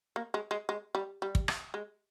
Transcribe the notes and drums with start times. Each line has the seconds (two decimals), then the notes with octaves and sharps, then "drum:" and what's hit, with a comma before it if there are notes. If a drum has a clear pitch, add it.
0.16 A#3
0.34 G#3
0.51 G#3
0.69 G#3
0.95 G3
1.22 G3
1.35 drum: kick
1.48 drum: rim click
1.74 G#3